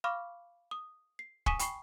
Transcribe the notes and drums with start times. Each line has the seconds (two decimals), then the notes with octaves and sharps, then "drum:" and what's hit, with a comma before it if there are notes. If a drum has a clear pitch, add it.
0.04 F5 B5 C#6 D6 F6
0.71 D#6
1.19 C7
1.46 G#5 C#6 D#6 B6 D#7 E7, drum: kick
1.59 G5 B5 C#6 C7, drum: hi-hat